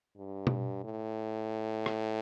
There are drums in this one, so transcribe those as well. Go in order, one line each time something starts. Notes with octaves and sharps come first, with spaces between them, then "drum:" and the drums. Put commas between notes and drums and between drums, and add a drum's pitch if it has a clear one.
G2
drum: tom B2
A2
drum: rim click